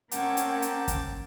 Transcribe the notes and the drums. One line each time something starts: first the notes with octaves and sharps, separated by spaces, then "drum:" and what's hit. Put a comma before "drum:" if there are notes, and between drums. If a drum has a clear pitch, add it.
A#3 C4 C#4 A#4 F#5 G5 A5 D6, drum: hi-hat
drum: hi-hat
drum: hi-hat
drum: kick, hi-hat